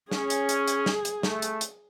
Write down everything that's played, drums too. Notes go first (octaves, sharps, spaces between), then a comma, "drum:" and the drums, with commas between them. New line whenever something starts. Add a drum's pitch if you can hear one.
C#4 G#4, drum: snare
drum: hi-hat
drum: hi-hat
drum: hi-hat
drum: snare
drum: hi-hat
A3, drum: snare
drum: hi-hat
drum: hi-hat